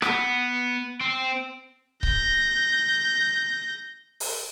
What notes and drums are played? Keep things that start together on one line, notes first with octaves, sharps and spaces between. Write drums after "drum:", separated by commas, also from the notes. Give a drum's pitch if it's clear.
B3, drum: rim click
C4
G6 A#6, drum: kick C#1
drum: open hi-hat